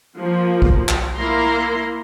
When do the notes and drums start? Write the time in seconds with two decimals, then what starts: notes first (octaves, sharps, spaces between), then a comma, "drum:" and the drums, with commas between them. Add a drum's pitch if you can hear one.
0.17 F3 A#3
0.62 drum: kick
0.88 drum: clap
1.15 A#3 E4 A#5 C6